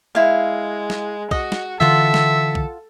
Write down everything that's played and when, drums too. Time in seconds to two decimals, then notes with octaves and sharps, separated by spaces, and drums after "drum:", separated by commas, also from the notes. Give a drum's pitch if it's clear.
0.15 G#3 E4 F5
0.90 drum: snare
1.31 F#4 D#5, drum: kick B1
1.52 drum: snare
1.80 D3 E3 F4 A4 E5 F#5 C6
2.14 drum: snare
2.55 drum: kick B1